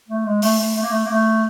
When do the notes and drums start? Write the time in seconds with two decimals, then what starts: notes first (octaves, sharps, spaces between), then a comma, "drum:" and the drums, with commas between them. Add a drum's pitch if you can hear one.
0.08 A3
0.26 G#3
0.42 A3, drum: open hi-hat
0.59 A3
0.76 A3
0.82 A#3
0.90 A3
1.05 A#3
1.10 A3